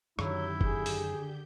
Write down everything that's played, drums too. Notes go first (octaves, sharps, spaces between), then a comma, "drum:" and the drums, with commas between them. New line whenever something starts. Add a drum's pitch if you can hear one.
F#2 D3 D#3 F#3 E4 G4 G6, drum: rim click
G#4, drum: kick F#1
drum: open hi-hat